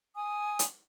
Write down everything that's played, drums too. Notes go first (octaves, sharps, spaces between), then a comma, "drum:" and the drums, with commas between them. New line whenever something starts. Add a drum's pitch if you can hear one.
G#5 D#6
drum: hi-hat